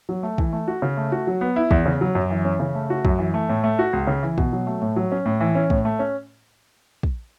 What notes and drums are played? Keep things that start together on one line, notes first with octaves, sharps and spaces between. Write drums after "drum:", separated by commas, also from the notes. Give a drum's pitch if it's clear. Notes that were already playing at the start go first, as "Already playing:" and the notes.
F#3
A3
E3, drum: kick
A3
F#4
C#3
A3
F#4
F#3
B3
E4
E2, drum: kick
C#3
F#3
F#2
E3
C#4
C#3
A3
F#4
F#2, drum: kick
E3
A3
A2
A3
F#4
C#2
C#3
E3
B2, drum: kick
F#3
A3
A2
F#3
C#4
A2
E3
C#4
A2, drum: kick
A3
C#4
drum: kick